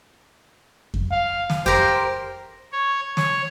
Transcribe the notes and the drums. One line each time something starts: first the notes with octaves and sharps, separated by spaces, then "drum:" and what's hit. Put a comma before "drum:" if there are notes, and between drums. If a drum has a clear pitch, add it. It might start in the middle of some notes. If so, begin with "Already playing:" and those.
drum: kick F2
F5
drum: snare
G4 A#4 C5, drum: kick F2
C#5
C#5, drum: snare